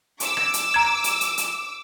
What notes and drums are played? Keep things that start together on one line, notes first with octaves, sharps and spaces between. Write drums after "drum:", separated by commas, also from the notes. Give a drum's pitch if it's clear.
D6 E6, drum: hi-hat
drum: rim click
drum: hi-hat
A#5 G#6
drum: hi-hat
drum: hi-hat
drum: hi-hat